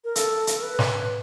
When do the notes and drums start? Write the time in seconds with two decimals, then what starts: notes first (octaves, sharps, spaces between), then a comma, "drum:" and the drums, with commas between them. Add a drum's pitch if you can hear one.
0.04 A#4
0.16 A4, drum: hi-hat
0.47 drum: hi-hat
0.58 A#4
0.63 B4
0.79 drum: snare